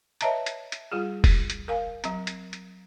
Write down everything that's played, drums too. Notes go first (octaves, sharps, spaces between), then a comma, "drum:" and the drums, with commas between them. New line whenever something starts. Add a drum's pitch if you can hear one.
B4 C#5 D#5 E5 A5 A#5, drum: hi-hat
drum: hi-hat
drum: hi-hat
G3 F4 G#4
drum: kick E1, open hi-hat
drum: hi-hat
A#4 F5 G#5
F#3 C4, drum: hi-hat
drum: hi-hat
drum: hi-hat